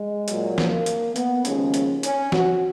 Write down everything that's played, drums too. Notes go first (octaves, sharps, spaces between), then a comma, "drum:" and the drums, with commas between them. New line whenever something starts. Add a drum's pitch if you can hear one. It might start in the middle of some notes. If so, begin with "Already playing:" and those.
Already playing: G#3
A#2 F#3, drum: hi-hat
A#3, drum: snare
drum: hi-hat
B3, drum: hi-hat
D#2 C#3 F3 G#3 C#4, drum: hi-hat
drum: hi-hat
C#4, drum: hi-hat
F#4, drum: snare